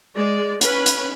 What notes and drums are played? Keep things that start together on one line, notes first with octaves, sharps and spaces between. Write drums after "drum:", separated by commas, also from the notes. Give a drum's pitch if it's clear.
G#3 D5
C#4 B4 B5, drum: hi-hat
drum: hi-hat